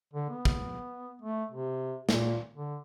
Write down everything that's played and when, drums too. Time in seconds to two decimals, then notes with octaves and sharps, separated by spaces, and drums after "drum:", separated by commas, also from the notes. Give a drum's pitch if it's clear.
0.14 D3
0.30 B3
0.45 drum: kick
1.22 A3
1.52 C3
2.09 A#2, drum: snare
2.54 D3